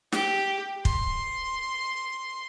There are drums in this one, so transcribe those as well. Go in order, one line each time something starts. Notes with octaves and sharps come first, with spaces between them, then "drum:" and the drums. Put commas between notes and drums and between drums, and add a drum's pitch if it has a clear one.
G4, drum: snare
C6, drum: kick